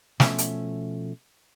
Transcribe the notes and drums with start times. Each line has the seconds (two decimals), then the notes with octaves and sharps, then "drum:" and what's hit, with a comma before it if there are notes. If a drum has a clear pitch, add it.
0.20 B2 F3 A3 C#4 E5, drum: snare
0.38 drum: hi-hat